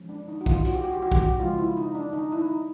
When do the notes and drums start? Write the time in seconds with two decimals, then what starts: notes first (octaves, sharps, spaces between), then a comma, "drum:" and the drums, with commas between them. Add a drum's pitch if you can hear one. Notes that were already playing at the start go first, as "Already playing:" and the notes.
Already playing: F3 G#3 C#4
0.09 D4
0.28 D#4
0.41 F#4
0.46 F4, drum: kick
0.65 F#4, drum: hi-hat
0.75 G4
0.84 F#4
0.94 G4
1.02 F#4
1.12 G4, drum: kick
1.21 F#4
1.39 C#3 F3 G#3 F4
1.58 E4
1.77 D#4
1.95 D4
2.13 D#4
2.32 E4
2.39 D#4